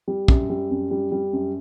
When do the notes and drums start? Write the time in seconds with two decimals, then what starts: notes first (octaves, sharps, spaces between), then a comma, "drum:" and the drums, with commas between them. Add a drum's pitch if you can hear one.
0.08 G3
0.28 F#2, drum: kick
0.50 G3
0.71 F#2
0.91 G3
1.12 G3
1.33 F#2